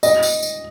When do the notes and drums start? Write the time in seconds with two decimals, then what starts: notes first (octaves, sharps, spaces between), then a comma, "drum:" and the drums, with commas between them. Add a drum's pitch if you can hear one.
0.03 D#5, drum: tambourine
0.23 drum: tambourine
0.42 drum: tambourine